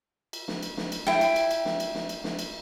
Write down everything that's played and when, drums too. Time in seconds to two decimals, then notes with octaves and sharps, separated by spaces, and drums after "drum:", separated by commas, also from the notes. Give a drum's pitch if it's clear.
0.33 drum: cymbal
0.48 drum: snare
0.63 drum: cymbal
0.77 drum: snare
0.92 drum: cymbal
1.07 E4 G5, drum: snare
1.21 drum: cymbal
1.36 drum: cymbal
1.51 drum: cymbal
1.65 drum: snare
1.80 drum: cymbal
1.95 drum: snare
2.09 drum: cymbal
2.24 drum: snare
2.39 drum: cymbal